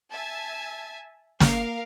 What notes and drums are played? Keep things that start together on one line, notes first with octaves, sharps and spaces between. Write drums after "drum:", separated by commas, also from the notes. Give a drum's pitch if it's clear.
E5 G#5 A5
A#3 A#4 F5, drum: snare